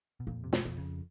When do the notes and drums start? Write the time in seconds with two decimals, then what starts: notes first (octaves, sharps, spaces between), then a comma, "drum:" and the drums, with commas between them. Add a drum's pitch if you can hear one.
0.20 B2
0.27 F2 A#2
0.44 C3
0.53 B2, drum: snare
0.65 F2
0.78 C#3